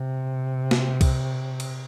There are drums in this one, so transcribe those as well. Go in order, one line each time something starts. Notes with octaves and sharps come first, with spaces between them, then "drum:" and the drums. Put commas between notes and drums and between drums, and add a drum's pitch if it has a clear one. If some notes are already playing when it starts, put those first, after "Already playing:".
Already playing: C3
drum: snare
drum: kick C2, cymbal
drum: cymbal